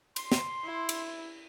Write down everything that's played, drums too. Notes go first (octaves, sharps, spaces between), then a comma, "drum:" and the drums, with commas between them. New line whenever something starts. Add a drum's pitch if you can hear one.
C6, drum: cymbal
drum: snare
E4
drum: cymbal